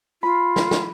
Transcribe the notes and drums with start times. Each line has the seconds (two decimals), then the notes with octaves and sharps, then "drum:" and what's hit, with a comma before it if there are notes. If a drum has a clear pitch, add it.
0.23 F4 B5
0.56 drum: snare
0.71 drum: snare